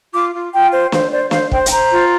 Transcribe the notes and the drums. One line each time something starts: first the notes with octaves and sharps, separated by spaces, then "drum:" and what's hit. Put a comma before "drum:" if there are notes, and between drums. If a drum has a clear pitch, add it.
F4 D6
F4
F4 G5
C5
C5 F5, drum: snare
C5 D5
C5 F5, drum: snare
C5 G5, drum: kick
G5, drum: hi-hat
C5 A#5
F4